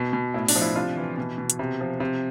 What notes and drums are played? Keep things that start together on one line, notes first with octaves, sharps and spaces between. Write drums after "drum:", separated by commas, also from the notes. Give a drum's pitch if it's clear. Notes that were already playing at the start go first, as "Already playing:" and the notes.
Already playing: B2
B2
A2 E4
D4, drum: open hi-hat
F3
E4
C3 D4 F4
E3
B2
B2
drum: hi-hat
C3
F3
C3